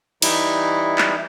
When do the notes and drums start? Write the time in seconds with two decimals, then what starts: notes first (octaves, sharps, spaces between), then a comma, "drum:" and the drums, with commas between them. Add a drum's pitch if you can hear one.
0.22 E3 G3 D#4 E4, drum: cymbal
0.98 drum: clap